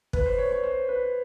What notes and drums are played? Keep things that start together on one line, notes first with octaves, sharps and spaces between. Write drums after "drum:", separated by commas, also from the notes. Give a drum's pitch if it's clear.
B4, drum: kick
C5
C#5
C#5
C5
B4